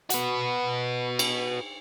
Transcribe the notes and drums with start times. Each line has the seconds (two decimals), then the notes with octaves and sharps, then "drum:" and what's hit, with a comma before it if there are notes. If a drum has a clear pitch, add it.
0.10 F#4 B4, drum: hi-hat
1.19 drum: cymbal